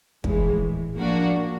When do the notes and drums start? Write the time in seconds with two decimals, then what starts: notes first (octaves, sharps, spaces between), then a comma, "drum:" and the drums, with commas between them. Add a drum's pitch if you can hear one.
0.24 A#1 A2 E3 G#3, drum: kick
0.97 F3 A#3 D4 F#4 A#4